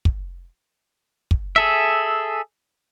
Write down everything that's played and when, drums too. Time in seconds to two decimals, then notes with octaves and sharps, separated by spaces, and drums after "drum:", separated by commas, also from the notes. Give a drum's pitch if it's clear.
0.05 drum: kick
1.31 drum: kick
1.56 G#4 A4 E5